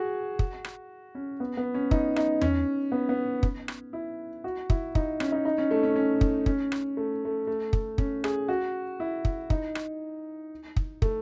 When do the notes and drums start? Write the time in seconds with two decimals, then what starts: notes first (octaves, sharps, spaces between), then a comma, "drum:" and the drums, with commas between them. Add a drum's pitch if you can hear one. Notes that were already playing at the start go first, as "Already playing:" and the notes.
Already playing: F#4 G#4
0.39 drum: kick
0.64 drum: rim click
1.15 C#4
1.40 B3
1.57 B3
1.74 C#4
1.91 D#4, drum: kick
2.16 D#4, drum: rim click
2.41 C#4, drum: tom E2
2.92 B3
3.09 B3
3.43 drum: kick
3.68 drum: rim click
3.93 E4
4.44 F#4
4.70 E4, drum: kick
4.95 D#4, drum: kick
5.20 C#4, drum: rim click
5.32 D#4
5.45 D#4
5.58 C#4
5.71 A3
5.83 C#4
5.96 C#4
6.21 drum: kick
6.46 C#4, drum: kick
6.72 drum: rim click
6.97 A3
7.25 A3
7.47 A3
7.73 drum: kick
7.98 C#4, drum: kick
8.24 G#4, drum: rim click
8.48 F#4
9.00 E4
9.25 drum: kick
9.50 D#4, drum: kick
9.75 drum: rim click
10.76 drum: kick
11.02 A3, drum: kick